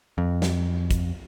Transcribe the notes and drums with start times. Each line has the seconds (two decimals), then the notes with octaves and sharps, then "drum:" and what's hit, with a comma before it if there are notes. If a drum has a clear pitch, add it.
0.18 F2
0.42 drum: snare
0.91 drum: kick, hi-hat